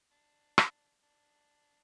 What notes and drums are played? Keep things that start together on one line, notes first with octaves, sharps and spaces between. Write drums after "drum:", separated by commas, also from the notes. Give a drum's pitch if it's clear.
D4
drum: rim click
D4